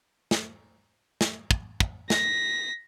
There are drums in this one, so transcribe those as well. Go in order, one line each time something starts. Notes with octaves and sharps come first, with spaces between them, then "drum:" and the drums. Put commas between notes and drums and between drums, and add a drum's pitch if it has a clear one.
drum: snare
drum: snare
drum: kick
drum: kick
A#6 B6, drum: snare